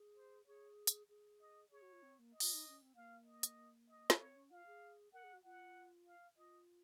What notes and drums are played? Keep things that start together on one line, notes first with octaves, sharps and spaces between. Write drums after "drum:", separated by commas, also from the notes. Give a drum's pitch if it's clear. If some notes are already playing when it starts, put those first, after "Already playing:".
Already playing: G#4
C5
G#4 C#5
drum: hi-hat
G#4
D#5
G#4 C#5
F#4
F4
C4
A#3
D#5
F4, drum: open hi-hat
D#4
C#4
C4
A#3 F5
D#5
drum: hi-hat
D#5
drum: snare
C4 C#5
C#4
F4 F5
G#4
A#4 F#5
G#4
F#4
F4 F#5
F5
F4 D#5